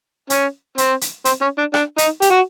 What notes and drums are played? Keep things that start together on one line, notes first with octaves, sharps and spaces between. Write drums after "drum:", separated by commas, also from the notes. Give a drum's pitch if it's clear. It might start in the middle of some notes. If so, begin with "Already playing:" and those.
C#4, drum: hi-hat
C4, drum: hi-hat
drum: hi-hat
C4, drum: hi-hat
C#4
D4
D4, drum: rim click
D#4, drum: hi-hat
G4, drum: hi-hat
F#4